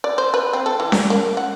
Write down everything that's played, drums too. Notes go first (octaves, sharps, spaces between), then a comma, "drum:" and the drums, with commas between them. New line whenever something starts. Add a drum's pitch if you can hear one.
D5
C5
B4
C4
A4
E3
drum: snare C#4
A#3
F#5